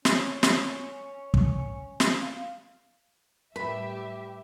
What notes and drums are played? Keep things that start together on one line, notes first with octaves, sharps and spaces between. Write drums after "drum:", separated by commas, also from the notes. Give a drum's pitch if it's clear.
C#4, drum: snare
drum: snare
drum: kick
drum: snare
F5
A2 G3 G4 B4 E5 B5